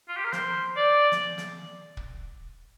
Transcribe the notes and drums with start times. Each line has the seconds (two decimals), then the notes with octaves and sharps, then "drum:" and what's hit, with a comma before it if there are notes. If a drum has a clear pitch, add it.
0.08 F4
0.16 G4
0.24 A#4
0.33 C5, drum: snare
0.77 D5
1.12 drum: snare
1.38 drum: snare
1.97 drum: kick